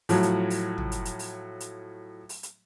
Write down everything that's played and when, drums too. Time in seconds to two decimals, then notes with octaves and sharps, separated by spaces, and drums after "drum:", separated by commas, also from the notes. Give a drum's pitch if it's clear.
0.09 A2 F3 F#3, drum: open hi-hat
0.23 drum: hi-hat
0.50 drum: open hi-hat
0.78 drum: tom
0.92 drum: hi-hat
1.05 drum: hi-hat
1.19 drum: open hi-hat
1.60 drum: hi-hat
2.29 drum: open hi-hat
2.43 drum: hi-hat